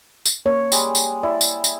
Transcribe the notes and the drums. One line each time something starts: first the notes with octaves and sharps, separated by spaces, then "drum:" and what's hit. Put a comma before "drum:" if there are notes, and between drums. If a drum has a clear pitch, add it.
drum: tambourine
A#3 C#5
G3 G#3, drum: tambourine
drum: tambourine
E4 D5
drum: tambourine
drum: tambourine